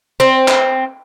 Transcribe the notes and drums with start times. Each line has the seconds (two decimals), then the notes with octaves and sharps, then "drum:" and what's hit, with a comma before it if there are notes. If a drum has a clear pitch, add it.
0.20 C4
0.48 drum: clap